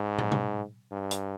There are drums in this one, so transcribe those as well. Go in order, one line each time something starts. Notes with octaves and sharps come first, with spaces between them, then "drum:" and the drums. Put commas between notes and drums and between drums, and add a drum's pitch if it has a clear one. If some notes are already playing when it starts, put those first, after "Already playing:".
Already playing: G#2
drum: tom
drum: tom
G2
drum: hi-hat